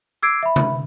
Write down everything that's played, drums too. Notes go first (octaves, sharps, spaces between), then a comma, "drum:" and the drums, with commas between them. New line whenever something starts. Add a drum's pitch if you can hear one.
D6 E6 G#6 C7 D7
E5 B5
drum: tom